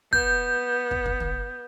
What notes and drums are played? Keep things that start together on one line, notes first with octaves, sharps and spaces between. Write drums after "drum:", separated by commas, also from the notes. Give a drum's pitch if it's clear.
B3 G6, drum: kick
drum: kick
drum: kick
drum: tom